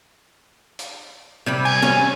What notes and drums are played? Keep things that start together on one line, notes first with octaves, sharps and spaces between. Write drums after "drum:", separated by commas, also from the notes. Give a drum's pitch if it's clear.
drum: hi-hat
C3 G3 B5
G#5, drum: cymbal
C#4, drum: snare